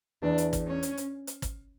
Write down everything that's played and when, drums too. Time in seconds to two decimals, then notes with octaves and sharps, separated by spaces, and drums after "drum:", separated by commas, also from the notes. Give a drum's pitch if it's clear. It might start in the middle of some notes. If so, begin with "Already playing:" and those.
0.22 E2 E3 D4
0.38 drum: hi-hat
0.53 drum: kick, hi-hat
0.67 C#4
0.83 drum: hi-hat
0.97 drum: hi-hat
1.27 drum: hi-hat
1.42 drum: kick, hi-hat